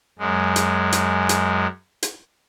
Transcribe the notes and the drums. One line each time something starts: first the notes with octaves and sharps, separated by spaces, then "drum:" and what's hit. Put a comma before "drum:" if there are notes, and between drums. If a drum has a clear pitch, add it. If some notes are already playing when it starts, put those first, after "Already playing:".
F#2 G#3
drum: hi-hat
drum: hi-hat
drum: hi-hat
drum: hi-hat